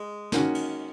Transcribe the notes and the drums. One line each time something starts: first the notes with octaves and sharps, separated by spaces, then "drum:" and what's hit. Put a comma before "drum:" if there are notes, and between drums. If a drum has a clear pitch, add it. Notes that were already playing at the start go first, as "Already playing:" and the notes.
Already playing: G#3
D#3 A#3 C#4 F#4, drum: snare
drum: cymbal